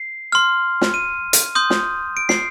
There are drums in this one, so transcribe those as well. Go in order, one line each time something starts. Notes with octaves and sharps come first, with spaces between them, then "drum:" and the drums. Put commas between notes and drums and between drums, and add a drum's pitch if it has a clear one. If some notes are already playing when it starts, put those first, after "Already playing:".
Already playing: C7
C6 F6
drum: snare
D#7
drum: hi-hat
C6 D#6 G6
drum: snare
D7
C7, drum: snare